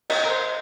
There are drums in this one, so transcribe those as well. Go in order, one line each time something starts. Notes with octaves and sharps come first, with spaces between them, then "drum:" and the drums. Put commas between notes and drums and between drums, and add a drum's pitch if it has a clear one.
D#5 A#5, drum: cymbal
A#4
C5